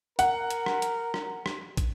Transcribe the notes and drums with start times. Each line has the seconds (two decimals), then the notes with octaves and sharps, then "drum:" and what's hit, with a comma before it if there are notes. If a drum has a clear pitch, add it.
0.19 A#4 F#5, drum: hi-hat
0.51 drum: hi-hat
0.66 drum: rim click
0.82 drum: hi-hat
1.14 drum: rim click
1.46 drum: rim click
1.77 drum: kick, hi-hat